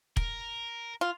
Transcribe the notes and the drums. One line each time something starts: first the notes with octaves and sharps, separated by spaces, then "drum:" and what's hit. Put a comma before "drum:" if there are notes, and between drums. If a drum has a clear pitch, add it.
A#4, drum: kick
F4